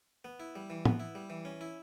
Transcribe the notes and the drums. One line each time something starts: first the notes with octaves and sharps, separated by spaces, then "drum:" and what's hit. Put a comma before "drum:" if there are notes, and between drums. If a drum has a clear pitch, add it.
B3
E4
G3
E3
B3, drum: tom
E4
G3
E3
C#4
E4